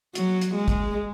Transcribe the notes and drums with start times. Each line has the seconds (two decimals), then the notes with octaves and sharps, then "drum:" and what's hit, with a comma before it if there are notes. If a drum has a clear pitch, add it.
0.15 F#3, drum: hi-hat
0.41 drum: hi-hat
0.54 G#3
0.68 drum: kick, hi-hat